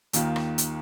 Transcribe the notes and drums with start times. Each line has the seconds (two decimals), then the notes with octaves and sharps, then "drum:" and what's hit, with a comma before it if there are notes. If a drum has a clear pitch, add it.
0.13 D#2 D#3 A#3 F4, drum: hi-hat
0.36 drum: rim click
0.58 drum: hi-hat